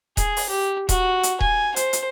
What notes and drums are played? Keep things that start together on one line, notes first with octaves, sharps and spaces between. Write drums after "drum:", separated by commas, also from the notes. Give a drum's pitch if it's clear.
G#4, drum: kick D#1, hi-hat
drum: open hi-hat
G4
F#4, drum: kick D#1, hi-hat
drum: hi-hat
G#5, drum: kick D#1
C5, drum: hi-hat
drum: hi-hat